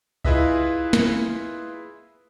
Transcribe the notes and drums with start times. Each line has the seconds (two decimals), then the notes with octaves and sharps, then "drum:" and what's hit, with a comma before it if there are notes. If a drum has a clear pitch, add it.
0.25 E4 F4 G#4 B4 D#5 E5, drum: kick C2
0.93 drum: snare